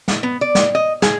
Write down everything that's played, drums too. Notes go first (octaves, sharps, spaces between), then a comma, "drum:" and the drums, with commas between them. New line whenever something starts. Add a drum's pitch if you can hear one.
drum: snare
B3
D5
drum: snare
D#5
G#4, drum: snare